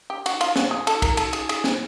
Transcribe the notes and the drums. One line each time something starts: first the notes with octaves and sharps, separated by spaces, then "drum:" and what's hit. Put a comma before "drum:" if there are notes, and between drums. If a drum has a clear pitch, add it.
G4
F#4, drum: cymbal
F4, drum: cymbal
F#4, drum: snare
G#4
A4, drum: cymbal
A#4, drum: kick, cymbal
A4, drum: cymbal
G#4, drum: cymbal
G#4, drum: cymbal
drum: snare